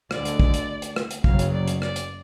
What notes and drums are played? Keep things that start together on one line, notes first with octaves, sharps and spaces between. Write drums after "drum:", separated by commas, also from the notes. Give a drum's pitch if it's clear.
D2 D3 G#3 D5, drum: rim click
drum: hi-hat
drum: kick
drum: hi-hat
drum: hi-hat
drum: rim click
drum: hi-hat
F#1 F#2 C#3 F#3 F5, drum: kick
drum: hi-hat
D5
drum: hi-hat
D5, drum: rim click
drum: hi-hat